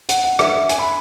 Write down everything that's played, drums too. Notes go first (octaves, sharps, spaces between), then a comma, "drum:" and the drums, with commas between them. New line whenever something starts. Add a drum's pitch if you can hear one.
F#5, drum: hi-hat
F#5
E5, drum: rim click
G#5, drum: hi-hat
B5